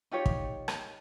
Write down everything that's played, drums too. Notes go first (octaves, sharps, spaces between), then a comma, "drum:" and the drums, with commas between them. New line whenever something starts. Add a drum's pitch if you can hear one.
D#4 F4 G4 C#5
drum: kick
drum: rim click